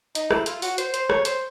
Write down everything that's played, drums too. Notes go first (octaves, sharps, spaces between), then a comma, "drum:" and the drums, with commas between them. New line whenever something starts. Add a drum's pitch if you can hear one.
D#4, drum: hi-hat
E4, drum: rim click
F4, drum: hi-hat
F#4, drum: open hi-hat
C5, drum: hi-hat
C5, drum: hi-hat
C#5, drum: rim click
C5, drum: hi-hat